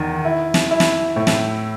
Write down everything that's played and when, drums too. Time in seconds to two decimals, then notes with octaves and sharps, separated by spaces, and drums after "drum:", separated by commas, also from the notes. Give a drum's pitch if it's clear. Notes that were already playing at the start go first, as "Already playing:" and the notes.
Already playing: E2 D#3
0.25 E4
0.54 drum: snare
0.71 E4
0.80 drum: snare
1.16 A2
1.27 drum: snare